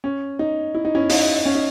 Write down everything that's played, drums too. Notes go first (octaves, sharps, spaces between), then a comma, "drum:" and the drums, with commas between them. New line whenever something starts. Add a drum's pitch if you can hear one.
C#4
D#4
E4
D#4
C#4 E4
D#4, drum: open hi-hat
C#4
D#4